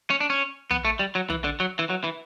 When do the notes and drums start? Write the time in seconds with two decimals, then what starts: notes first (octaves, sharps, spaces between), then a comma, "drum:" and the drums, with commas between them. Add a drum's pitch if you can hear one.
0.10 C#4
0.21 D4
0.30 C#4
0.71 B3, drum: tom
0.85 A3
0.99 G3
1.15 F#3
1.30 E3, drum: tom
1.44 D3
1.60 F#3
1.79 E3
1.90 F#3
2.04 E3